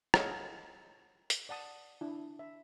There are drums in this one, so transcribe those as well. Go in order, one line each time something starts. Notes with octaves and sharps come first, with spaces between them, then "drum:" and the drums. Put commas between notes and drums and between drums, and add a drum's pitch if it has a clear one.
G#4 A4 C#5 D#5 F5 F#5, drum: rim click
drum: hi-hat
D5 F#5 A5 D#6
D4 E4
E5